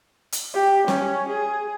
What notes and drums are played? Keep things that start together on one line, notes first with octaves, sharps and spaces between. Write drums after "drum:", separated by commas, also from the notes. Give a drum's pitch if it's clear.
drum: hi-hat
G4
C#4, drum: snare
G#4